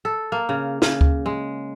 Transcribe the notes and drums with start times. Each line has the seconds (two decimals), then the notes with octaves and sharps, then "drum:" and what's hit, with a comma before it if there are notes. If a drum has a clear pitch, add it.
0.05 A4
0.32 A#3
0.49 C#3
0.82 C#3, drum: snare
1.01 drum: kick D2
1.26 G#3